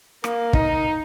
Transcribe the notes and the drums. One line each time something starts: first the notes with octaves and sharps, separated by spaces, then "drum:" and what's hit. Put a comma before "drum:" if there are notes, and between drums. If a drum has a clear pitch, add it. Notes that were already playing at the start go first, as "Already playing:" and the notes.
A#3, drum: rim click
D#4, drum: kick